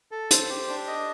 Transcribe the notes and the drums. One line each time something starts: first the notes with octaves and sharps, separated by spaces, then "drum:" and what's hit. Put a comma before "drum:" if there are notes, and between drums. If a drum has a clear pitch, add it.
A4
C5, drum: hi-hat
G4
D4
D#5